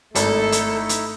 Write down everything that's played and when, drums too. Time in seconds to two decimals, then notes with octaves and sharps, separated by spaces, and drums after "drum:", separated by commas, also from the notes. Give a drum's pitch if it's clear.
0.15 G#1 A3 D#4 E4 A4, drum: hi-hat
0.52 drum: hi-hat
0.89 drum: hi-hat